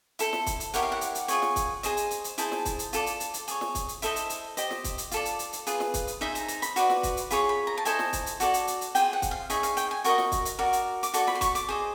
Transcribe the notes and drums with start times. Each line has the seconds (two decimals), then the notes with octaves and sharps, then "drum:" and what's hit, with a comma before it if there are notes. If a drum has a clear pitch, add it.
0.19 E4 A4 C5, drum: hi-hat
0.33 drum: snare
0.46 drum: kick, hi-hat
0.60 drum: hi-hat
0.74 E4 G4 A#4 C#5 F#5, drum: hi-hat
0.83 F5
0.92 F#5
1.01 drum: hi-hat
1.15 drum: hi-hat
1.28 F4 G#4 C#5, drum: hi-hat
1.42 drum: snare
1.56 drum: kick, hi-hat
1.83 G#4 C5 D#5, drum: hi-hat
1.97 drum: hi-hat
2.11 drum: hi-hat
2.24 drum: hi-hat
2.38 E4 G#4 C5 A5, drum: hi-hat
2.52 drum: snare
2.65 drum: kick, hi-hat
2.79 drum: hi-hat
2.93 F4 A4 D5, drum: hi-hat
3.06 drum: hi-hat
3.20 drum: hi-hat
3.34 drum: hi-hat
3.48 G#4 C#5, drum: hi-hat
3.61 drum: snare
3.75 drum: kick, hi-hat
3.88 drum: hi-hat
4.02 E4 A4 C5 D#5 E5, drum: hi-hat
4.16 drum: hi-hat
4.30 drum: hi-hat
4.57 G4 C5 D#5, drum: hi-hat
4.71 drum: snare
4.84 drum: kick, hi-hat
4.98 drum: hi-hat
5.11 F4 A4 D5, drum: hi-hat
5.25 drum: hi-hat
5.39 drum: hi-hat
5.53 drum: hi-hat
5.67 F4 G#4 B4, drum: hi-hat
5.80 drum: snare
5.94 drum: kick, hi-hat
6.07 drum: hi-hat
6.21 D#4 G#4 C5 E5
6.35 A#5, drum: hi-hat
6.48 A#5, drum: hi-hat
6.62 B5, drum: hi-hat
6.76 F#4 B4 D5 C6, drum: hi-hat
6.90 drum: snare
7.03 drum: kick, hi-hat
7.17 drum: hi-hat
7.30 F4 G#4 C#5 B5, drum: hi-hat
7.49 B5
7.67 A#5
7.78 A5
7.85 E4 A4 C5 D#5 G#5, drum: hi-hat
7.99 drum: snare
8.13 drum: kick, hi-hat
8.26 drum: hi-hat
8.40 F#4 A4 D5, drum: hi-hat
8.54 drum: hi-hat
8.67 drum: hi-hat
8.81 drum: hi-hat
8.95 F4 G#4 C5 G5, drum: hi-hat
9.13 F#5
9.22 drum: kick, hi-hat
9.31 F5
9.50 D#4 G#4 C#5 E5, drum: hi-hat
9.63 F5, drum: hi-hat
9.77 G5, drum: hi-hat
9.91 G#5
10.04 F#4 A#4 D#5 C#6, drum: hi-hat
10.18 drum: snare
10.32 drum: kick, hi-hat
10.45 drum: hi-hat
10.59 F#4 A#4 D5
10.73 drum: hi-hat
11.03 D6, drum: hi-hat
11.13 F#4 A4 D5 C#6, drum: hi-hat
11.27 B5, drum: snare
11.35 C6
11.41 C#6, drum: kick, hi-hat
11.55 D6, drum: hi-hat
11.69 G#4 C5 D#5